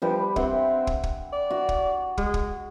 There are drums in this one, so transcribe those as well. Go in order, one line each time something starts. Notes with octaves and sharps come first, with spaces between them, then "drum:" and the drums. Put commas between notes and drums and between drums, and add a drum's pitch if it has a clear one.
F3 G3 G4 B4
C4 E5 F#5 C6, drum: kick
drum: kick
drum: kick
D5
F#4
drum: kick
G#3, drum: kick
drum: kick